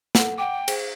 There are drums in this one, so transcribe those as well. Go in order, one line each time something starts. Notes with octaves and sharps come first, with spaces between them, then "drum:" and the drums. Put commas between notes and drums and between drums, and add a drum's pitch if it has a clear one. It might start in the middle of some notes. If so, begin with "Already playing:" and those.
A4 F#5, drum: snare
F#5 G5 D6
G#4 C5, drum: cymbal